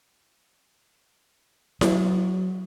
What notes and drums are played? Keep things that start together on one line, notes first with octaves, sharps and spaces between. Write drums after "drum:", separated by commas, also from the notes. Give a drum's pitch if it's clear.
F#3, drum: snare E4